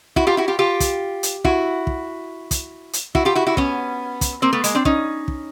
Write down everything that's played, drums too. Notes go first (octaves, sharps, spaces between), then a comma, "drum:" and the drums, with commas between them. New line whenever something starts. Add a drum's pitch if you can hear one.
E4 F#4, drum: kick
F4 G4
E4 F#4
F4 G4
F4 G4
drum: kick, hi-hat
drum: hi-hat
E4 F#4, drum: kick
drum: kick
drum: kick, hi-hat
drum: hi-hat
E4 F#4, drum: kick
F4 G4
E4 F#4
E4 F#4
B3 C#4, drum: kick
drum: kick, hi-hat
A#3 C4
A3 B3
G#3 A#3, drum: hi-hat
C4 D4
C#4 D#4, drum: kick
drum: kick